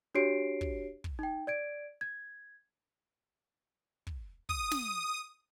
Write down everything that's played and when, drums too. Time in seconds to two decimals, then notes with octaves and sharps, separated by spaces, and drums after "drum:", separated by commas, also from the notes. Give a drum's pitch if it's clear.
0.15 D4 F#4 G4 C#5 C7 D7
0.61 drum: kick
1.04 drum: kick
1.19 D#4 G5
1.47 D5 G#6 D7
2.01 G#6
4.07 drum: kick
4.49 D#6, drum: kick
4.71 drum: snare